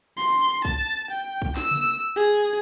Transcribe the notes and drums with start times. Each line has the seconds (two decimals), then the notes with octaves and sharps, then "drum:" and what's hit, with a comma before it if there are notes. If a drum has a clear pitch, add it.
0.18 C6
0.65 A5, drum: kick
1.11 G5
1.42 drum: kick
1.57 E6, drum: snare
1.71 drum: tom C3
2.16 G#4